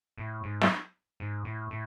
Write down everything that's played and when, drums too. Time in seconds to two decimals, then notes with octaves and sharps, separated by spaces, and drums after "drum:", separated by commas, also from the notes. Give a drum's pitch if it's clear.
0.18 A2
0.43 G#2
0.61 drum: snare
1.20 G#2
1.45 A2
1.71 A2